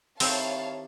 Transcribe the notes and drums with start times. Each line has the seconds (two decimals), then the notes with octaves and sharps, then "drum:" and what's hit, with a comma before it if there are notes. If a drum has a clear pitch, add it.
0.20 D#3 C4 E4 G4 C#5 F5 A5, drum: open hi-hat